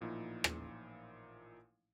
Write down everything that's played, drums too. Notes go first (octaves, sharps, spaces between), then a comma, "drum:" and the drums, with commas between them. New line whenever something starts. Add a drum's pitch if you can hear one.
A1 A#2 F3 D#4 E4
drum: rim click